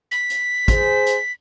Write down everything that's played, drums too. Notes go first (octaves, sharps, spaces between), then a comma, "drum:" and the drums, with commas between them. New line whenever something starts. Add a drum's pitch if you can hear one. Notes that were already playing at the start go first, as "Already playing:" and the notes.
B6
drum: hi-hat
G#4 C5, drum: kick, hi-hat
drum: hi-hat